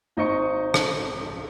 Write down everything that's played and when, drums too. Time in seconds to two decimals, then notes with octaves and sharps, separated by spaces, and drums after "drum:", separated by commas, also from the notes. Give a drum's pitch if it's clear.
0.17 G#1 D#4 C5 D#5 C#6 C#7
0.74 drum: rim click